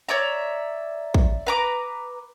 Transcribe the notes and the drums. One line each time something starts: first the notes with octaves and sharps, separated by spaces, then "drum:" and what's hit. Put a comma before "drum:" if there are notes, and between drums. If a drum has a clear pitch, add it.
C#5 D5 E5 A#5
drum: kick
B4 A#5 D6